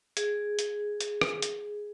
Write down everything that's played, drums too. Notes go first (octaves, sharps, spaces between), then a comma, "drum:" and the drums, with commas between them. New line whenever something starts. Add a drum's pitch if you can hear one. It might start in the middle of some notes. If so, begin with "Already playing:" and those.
G#4, drum: hi-hat
drum: hi-hat
drum: hi-hat
drum: rim click
drum: hi-hat